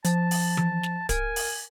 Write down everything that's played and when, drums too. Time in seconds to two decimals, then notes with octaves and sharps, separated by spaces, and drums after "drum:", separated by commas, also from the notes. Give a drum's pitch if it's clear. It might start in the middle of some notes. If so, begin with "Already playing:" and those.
0.05 F3 A5, drum: hi-hat
0.31 drum: open hi-hat
0.57 drum: tom E3
0.83 drum: snare
1.09 A#4 G#5, drum: kick D1, hi-hat
1.36 drum: open hi-hat